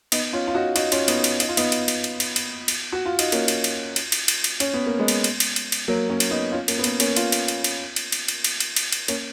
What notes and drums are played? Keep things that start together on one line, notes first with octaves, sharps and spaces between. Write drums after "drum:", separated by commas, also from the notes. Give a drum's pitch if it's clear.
B3 D#4, drum: cymbal
C#4 F4
F4
D#4 F#4
D#4 F#4, drum: cymbal
C#4 F4, drum: cymbal
B3 D#4, drum: cymbal
drum: cymbal
D#4, drum: cymbal
F4
B3 D#4, drum: cymbal
drum: cymbal
drum: cymbal
drum: cymbal
drum: cymbal
drum: cymbal
drum: cymbal
F#4
F4
D#4, drum: cymbal
A#3 C#4, drum: cymbal
drum: cymbal
drum: cymbal
drum: cymbal
drum: cymbal
drum: cymbal
drum: cymbal
C#4, drum: cymbal
B3
A#3
G#3 B3
drum: cymbal
drum: cymbal
drum: cymbal
drum: cymbal
drum: cymbal
F#3 A#3
A#3 C#4
drum: cymbal
B3 D#4
C#4 F4
A#3 C#4, drum: cymbal
B3
A#3 C#4, drum: cymbal
A#3 C#4, drum: cymbal
C#4 F4, drum: cymbal
drum: cymbal
drum: cymbal
drum: cymbal
drum: cymbal
drum: cymbal
drum: cymbal
drum: cymbal
drum: cymbal
drum: cymbal
drum: cymbal
A#3 C#4, drum: cymbal